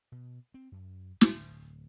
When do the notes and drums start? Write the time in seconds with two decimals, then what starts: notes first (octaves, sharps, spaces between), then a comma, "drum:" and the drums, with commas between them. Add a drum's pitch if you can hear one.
0.12 B2
0.54 C4
0.72 F#2
1.21 D1, drum: snare